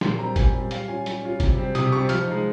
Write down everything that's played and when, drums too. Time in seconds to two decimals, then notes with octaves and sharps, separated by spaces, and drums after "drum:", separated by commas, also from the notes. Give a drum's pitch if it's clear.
0.01 A#2 C6, drum: snare
0.19 G3 C4 A#5
0.36 A#2 G#5, drum: kick G1, hi-hat
0.54 G3 C4
0.71 G3 F5, drum: hi-hat
0.88 C#4 F4 G#5
1.06 G3, drum: hi-hat
1.23 C#4 F4
1.40 C3, drum: kick G1, hi-hat
1.57 G3 C4
1.75 C3 D#6, drum: hi-hat
1.92 G3 C4 C#6
2.09 F3 F6, drum: hi-hat
2.26 G#3 D#4